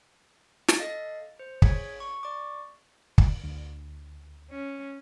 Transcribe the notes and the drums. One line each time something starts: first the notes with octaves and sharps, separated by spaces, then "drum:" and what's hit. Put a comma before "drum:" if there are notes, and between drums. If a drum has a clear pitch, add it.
drum: snare
A4 D#5 F5 A6
C5
G#4 C#5 G#6 B6, drum: kick
C#6
D5 C#6 D6
drum: kick
D2
C#4